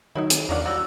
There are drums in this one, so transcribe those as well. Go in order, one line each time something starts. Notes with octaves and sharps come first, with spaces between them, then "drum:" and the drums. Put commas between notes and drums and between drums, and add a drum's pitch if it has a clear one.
D#3 F#3 D#4 E4 C#5
drum: hi-hat
E2 C#4 D4 A#4 D5 F5 F#5
F3 G3 F#4 E6